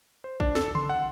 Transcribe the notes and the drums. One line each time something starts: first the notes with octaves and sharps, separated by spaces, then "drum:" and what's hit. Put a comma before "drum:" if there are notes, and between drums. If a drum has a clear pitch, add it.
C5
D4, drum: kick
A4, drum: snare
C6, drum: tom C#3
F#5